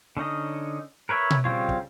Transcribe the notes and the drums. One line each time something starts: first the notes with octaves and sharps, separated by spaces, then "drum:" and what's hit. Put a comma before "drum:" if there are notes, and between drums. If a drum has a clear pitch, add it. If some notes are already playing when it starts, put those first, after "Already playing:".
D3 C#4 D#4 D#5
A#4 B4 C#5 E5
drum: tom B2
C#3 G3 C4 F4 C#5
drum: kick